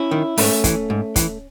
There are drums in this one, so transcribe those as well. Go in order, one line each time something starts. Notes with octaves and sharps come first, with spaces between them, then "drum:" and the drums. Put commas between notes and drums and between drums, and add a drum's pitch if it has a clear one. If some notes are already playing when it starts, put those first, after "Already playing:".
Already playing: C#4 E4
D#3
G#2 A3 C#4, drum: open hi-hat
E3, drum: kick, hi-hat
G#2
E3, drum: kick, hi-hat